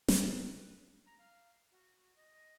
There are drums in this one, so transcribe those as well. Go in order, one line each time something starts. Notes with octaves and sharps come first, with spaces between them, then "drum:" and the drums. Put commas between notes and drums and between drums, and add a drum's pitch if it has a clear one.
G5, drum: snare
B4
A#5
F5
F#4
D#5